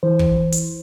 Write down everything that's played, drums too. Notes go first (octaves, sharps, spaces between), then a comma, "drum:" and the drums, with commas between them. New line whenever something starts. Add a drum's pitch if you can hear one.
E3 C5
drum: kick
E3
drum: hi-hat